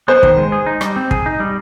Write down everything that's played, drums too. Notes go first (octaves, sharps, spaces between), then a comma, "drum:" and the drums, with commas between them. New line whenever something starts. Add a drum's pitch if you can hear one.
B3 C5
D#3, drum: kick
G#3
G#4
D#4
G3, drum: rim click
C4
G#4, drum: kick
D#4
G3